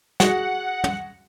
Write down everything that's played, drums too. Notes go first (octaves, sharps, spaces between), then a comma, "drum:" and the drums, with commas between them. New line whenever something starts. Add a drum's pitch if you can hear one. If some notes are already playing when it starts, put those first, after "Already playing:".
F#4 G#4 F#5, drum: snare
drum: tom